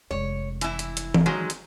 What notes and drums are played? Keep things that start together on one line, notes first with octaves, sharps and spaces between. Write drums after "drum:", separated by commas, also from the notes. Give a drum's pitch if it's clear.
F1 G#3 C#5
E3 E4, drum: hi-hat
drum: hi-hat
drum: hi-hat
drum: tom E3
D#3 F#3 G#3
drum: hi-hat